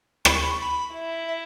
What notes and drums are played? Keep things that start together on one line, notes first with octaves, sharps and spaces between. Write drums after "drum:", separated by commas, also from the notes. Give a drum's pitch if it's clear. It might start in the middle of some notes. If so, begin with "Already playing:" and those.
B5, drum: rim click
C#6
B5
C#6
B5
E4
E5